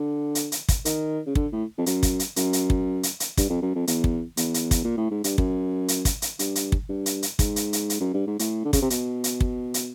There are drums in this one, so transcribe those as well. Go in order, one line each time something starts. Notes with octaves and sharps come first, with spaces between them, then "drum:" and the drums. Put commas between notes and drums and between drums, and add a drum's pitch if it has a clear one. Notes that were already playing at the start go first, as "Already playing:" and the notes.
Already playing: D3
drum: hi-hat
drum: hi-hat
drum: kick, hi-hat
D#3, drum: hi-hat
C#3
D3, drum: kick
A2
F2
F#2, drum: hi-hat
drum: kick, hi-hat
drum: hi-hat
F#2, drum: hi-hat
drum: hi-hat
drum: kick
drum: hi-hat
drum: hi-hat
G2, drum: kick, hi-hat
F2
F#2
F2
E2, drum: hi-hat
drum: kick
E2, drum: hi-hat
drum: hi-hat
drum: kick, hi-hat
A#2
A2
G#2
G2, drum: hi-hat
F#2, drum: kick
drum: hi-hat
drum: kick, hi-hat
drum: hi-hat
G2, drum: hi-hat
drum: hi-hat
drum: kick
G2
drum: hi-hat
drum: hi-hat
G#2, drum: kick, hi-hat
drum: hi-hat
drum: hi-hat
drum: hi-hat
F#2
G2
G#2
A2, drum: hi-hat
D3
C#3, drum: kick, hi-hat
C3
B2, drum: hi-hat
drum: hi-hat
drum: kick
drum: hi-hat